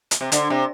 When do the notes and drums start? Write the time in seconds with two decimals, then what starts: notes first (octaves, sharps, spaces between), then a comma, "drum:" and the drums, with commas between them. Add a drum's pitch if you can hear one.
0.11 drum: hi-hat
0.21 C3
0.32 D3, drum: hi-hat
0.50 C3